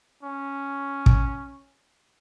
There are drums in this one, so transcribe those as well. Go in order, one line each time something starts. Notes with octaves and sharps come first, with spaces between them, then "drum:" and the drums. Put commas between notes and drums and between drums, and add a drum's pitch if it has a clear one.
C#4
drum: kick